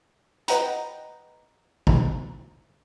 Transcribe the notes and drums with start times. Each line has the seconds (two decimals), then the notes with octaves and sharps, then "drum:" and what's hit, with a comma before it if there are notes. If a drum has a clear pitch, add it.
0.48 B4 D#5 F#5 G5 A#5, drum: hi-hat
1.87 drum: kick